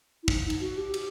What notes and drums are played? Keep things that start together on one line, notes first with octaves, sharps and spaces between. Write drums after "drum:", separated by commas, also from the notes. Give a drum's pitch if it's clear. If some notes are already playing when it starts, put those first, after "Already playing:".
E4
D#4, drum: kick
drum: cymbal
F#4
G4
drum: cymbal